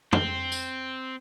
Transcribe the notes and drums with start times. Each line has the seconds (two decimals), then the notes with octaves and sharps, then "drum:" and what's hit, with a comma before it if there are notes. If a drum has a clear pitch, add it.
0.13 C4, drum: tom
0.52 drum: tambourine